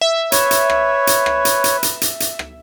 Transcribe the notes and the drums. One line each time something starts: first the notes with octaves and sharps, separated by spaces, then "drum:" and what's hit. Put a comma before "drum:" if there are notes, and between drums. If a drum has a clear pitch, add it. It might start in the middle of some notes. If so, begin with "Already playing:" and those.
E5
B4 C#5, drum: hi-hat
drum: hi-hat
drum: rim click
drum: hi-hat
drum: rim click
drum: hi-hat
drum: hi-hat
drum: hi-hat
drum: hi-hat
drum: hi-hat
drum: rim click